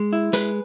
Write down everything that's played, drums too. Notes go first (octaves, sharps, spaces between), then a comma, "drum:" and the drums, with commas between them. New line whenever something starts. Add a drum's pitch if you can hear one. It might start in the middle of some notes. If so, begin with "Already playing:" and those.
Already playing: G#3
E4
G#3 B4, drum: hi-hat